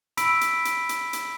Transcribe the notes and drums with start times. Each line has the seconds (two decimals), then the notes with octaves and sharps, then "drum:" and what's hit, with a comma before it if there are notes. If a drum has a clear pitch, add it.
0.17 B5 E6 B6 D7, drum: hi-hat
0.41 drum: hi-hat
0.65 drum: hi-hat
0.89 drum: hi-hat
1.13 drum: hi-hat